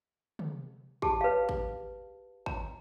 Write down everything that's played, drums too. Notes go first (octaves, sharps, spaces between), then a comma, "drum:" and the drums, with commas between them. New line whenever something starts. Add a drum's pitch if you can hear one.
drum: tom
G4 G#4 A5, drum: kick
B4 F5
drum: kick
A#5, drum: kick